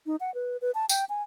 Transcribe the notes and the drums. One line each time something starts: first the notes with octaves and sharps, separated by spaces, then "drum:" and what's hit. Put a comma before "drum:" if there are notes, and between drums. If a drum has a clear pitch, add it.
D#4
F#5
B4
B4
A5
G5, drum: tambourine
G#5